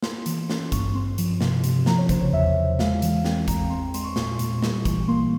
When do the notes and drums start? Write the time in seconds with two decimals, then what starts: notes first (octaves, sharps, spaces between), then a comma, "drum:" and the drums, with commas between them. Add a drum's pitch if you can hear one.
0.03 A#3 C6, drum: snare
0.26 E3, drum: hi-hat
0.50 C#4 C6, drum: snare
0.72 G2 C#6, drum: kick, hi-hat
0.94 C4 C6
1.18 F3, drum: hi-hat
1.41 C3, drum: snare
1.64 C3, drum: hi-hat
1.86 F3 A#5, drum: snare
1.98 C#5
2.09 C#3 C5, drum: kick, hi-hat
2.21 C#5
2.33 E2 E5
2.56 E2
2.79 G#3 F5, drum: snare
3.02 E3, drum: hi-hat
3.25 C4 G5, drum: snare
3.48 E2 A#5, drum: kick, hi-hat
3.70 C4 C6
3.94 G#3 C6, drum: hi-hat
4.04 C#6
4.16 A#2, drum: snare
4.39 A#2, drum: hi-hat
4.62 G3, drum: snare
4.85 E3, drum: kick, hi-hat
5.08 A#3 C6